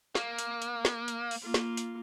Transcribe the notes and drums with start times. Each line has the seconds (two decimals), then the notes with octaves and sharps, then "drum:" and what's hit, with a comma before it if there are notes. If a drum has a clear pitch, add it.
0.15 A#3, drum: snare
0.38 drum: hi-hat
0.62 drum: hi-hat
0.85 drum: snare
1.08 drum: hi-hat
1.31 drum: open hi-hat
1.42 A#3 F4
1.54 drum: snare
1.77 drum: hi-hat